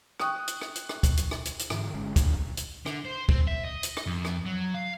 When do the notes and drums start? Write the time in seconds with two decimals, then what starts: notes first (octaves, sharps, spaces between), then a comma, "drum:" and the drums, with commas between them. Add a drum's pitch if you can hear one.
0.20 G5 C#6 D#6 F#6, drum: rim click
0.47 drum: hi-hat
0.61 drum: rim click
0.75 drum: hi-hat
0.89 drum: rim click
1.03 drum: kick, hi-hat
1.17 drum: hi-hat
1.31 drum: rim click
1.45 drum: hi-hat
1.59 drum: hi-hat
1.70 G#2 D3 E3, drum: rim click
1.94 G#1 D3 G#3 C#4
2.16 D2 A2 D3, drum: kick, hi-hat
2.37 B1
2.57 drum: hi-hat
2.86 D3, drum: rim click
3.05 C5
3.29 C4, drum: kick
3.47 E5
3.64 D#5
3.83 drum: hi-hat
3.97 drum: rim click
4.07 F2
4.25 drum: rim click
4.46 F#3
4.74 F5